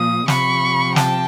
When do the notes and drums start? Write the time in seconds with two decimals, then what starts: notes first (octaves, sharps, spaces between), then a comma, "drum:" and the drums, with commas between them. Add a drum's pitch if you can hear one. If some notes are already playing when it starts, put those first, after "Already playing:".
Already playing: A#2 F3 D#6
0.28 C3 F3 B5 C#6, drum: snare
0.96 G5 A5, drum: snare